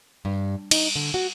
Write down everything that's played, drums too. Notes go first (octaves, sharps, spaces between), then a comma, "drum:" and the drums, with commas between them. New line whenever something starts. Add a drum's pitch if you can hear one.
G2
D#4, drum: cymbal
D3
F#4